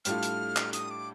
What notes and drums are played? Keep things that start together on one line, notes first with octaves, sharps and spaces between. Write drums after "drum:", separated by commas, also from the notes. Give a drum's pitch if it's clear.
A2 G3 D4 F4 A4 F6, drum: hi-hat
drum: hi-hat
drum: clap
D#6, drum: hi-hat
D6